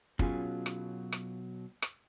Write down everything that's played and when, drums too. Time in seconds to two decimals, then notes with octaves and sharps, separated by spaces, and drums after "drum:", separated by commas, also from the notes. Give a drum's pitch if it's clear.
0.19 B2 F#3 C#4 F4 G#4, drum: kick
0.66 drum: rim click
1.12 drum: rim click
1.82 drum: rim click